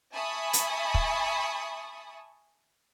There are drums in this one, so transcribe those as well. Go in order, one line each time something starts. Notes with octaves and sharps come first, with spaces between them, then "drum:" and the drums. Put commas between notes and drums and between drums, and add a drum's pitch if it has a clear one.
E5 G#5 A5 B5 C#6 D#6
drum: hi-hat
drum: kick